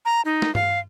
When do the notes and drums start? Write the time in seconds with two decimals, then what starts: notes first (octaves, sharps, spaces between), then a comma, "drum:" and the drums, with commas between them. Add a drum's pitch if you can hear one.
0.05 A#5
0.25 D#4
0.42 drum: snare
0.55 F5, drum: tom G2